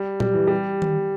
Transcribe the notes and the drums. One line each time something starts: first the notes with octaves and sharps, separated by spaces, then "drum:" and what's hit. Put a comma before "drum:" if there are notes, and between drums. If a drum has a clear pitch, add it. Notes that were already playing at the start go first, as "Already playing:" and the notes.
Already playing: G3
G3, drum: tom A#2
E3
G3
drum: tom D#3